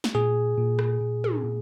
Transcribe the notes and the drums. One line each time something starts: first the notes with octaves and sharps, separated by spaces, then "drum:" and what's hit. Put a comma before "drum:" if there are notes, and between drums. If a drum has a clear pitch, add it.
drum: snare
A#2 G#4
A#2
drum: rim click
A#2
drum: tom
A#2